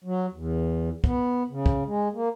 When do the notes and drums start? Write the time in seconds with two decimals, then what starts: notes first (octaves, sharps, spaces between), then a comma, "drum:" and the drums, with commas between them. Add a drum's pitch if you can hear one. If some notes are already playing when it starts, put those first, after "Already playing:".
0.04 F#3
0.33 E2
1.04 B3, drum: kick
1.50 C#3
1.66 drum: kick
1.86 G#3
2.13 A#3